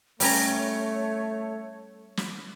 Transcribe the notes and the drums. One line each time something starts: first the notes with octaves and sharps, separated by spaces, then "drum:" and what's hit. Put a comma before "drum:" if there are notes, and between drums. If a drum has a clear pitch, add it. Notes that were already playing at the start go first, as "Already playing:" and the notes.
G3 A3 C#4 C#5 A#5, drum: open hi-hat
drum: snare